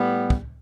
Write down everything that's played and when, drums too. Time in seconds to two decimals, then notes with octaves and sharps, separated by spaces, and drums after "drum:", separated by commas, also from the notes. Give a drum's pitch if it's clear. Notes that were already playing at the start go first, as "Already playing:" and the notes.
Already playing: A2 G3 B3
0.30 drum: kick